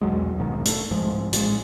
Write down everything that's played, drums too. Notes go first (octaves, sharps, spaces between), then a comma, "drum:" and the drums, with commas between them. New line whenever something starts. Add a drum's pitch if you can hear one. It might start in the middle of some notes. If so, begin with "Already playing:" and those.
B1 E2 F#3 G#3
D#1 B1 G#2 D#3
A3, drum: hi-hat
C2 G#2 F3 G#3
A1 G#3, drum: hi-hat